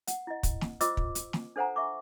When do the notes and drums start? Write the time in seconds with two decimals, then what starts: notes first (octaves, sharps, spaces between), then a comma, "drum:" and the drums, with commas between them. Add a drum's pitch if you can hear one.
0.07 F#5, drum: hi-hat
0.27 E4 D#5
0.43 drum: kick, hi-hat
0.61 drum: snare
0.81 F4 C5 D#5 D6 E6, drum: hi-hat
0.97 drum: kick
1.15 drum: hi-hat
1.33 drum: snare
1.56 D4 A4 C5 F#5 G#5 A#5
1.76 E5 C#6 D6